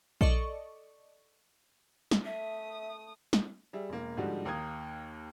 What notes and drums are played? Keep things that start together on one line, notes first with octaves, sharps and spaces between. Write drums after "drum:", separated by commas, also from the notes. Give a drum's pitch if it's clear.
A4 D5 D#5 C#6, drum: kick A#1
drum: snare
A3 E5 D#6
drum: snare
G3 G#4 E5
E1 A#3
G#2 D3 F3 G3 F#4 G4
D#2 A#3 A#4 G5 D#6 G#6